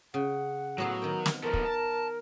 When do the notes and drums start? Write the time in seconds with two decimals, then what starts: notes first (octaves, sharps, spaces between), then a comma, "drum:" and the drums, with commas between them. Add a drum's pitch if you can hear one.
0.14 C#3 F#5
0.78 A2 F#3 B3 F5
1.02 D#3 A#4 G5
1.26 drum: snare
1.43 F3 B3 A4 A#4
1.53 drum: kick
1.65 A5